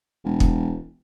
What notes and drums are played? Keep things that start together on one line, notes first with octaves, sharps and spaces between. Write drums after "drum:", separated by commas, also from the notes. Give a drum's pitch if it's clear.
E1
drum: kick